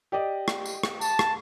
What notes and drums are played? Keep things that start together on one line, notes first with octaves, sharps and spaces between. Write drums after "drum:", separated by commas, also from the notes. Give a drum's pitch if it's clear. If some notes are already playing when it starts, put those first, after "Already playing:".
G4 D5 D#5
drum: rim click
drum: tambourine
drum: rim click
A5, drum: tambourine
drum: rim click